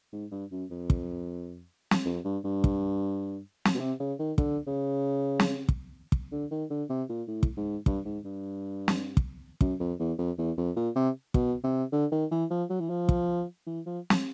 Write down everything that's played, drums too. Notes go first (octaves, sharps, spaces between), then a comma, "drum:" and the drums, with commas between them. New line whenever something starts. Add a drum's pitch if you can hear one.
G#2
G2
F#2
F2
drum: kick
drum: snare
F2
G2
G2
drum: kick
drum: snare
B2
C3
C#3
D#3
D3, drum: kick
C#3
drum: snare
drum: kick
drum: kick
D3
D#3
D3
C3
A#2
A2
drum: kick
G#2
G2, drum: kick
G#2
G2
drum: snare
drum: kick
F#2, drum: kick
F2
E2
F2
E2
F2
A#2
C3
B2, drum: kick
C3
D3
D#3
E3
F3
F#3
E3
F3
drum: kick
E3
F3
drum: snare